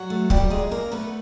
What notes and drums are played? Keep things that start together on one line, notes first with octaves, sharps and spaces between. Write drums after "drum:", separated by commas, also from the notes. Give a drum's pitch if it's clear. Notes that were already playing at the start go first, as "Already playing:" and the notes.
Already playing: F#3 F#4
A3
F#3 G3 G4, drum: kick
A#2 G#3 G#4
A#2 A#3 A#4
A3 B3 B4